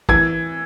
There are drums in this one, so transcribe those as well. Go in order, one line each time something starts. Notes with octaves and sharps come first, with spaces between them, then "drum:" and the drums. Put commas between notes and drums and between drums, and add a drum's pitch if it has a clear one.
E3 G#6, drum: kick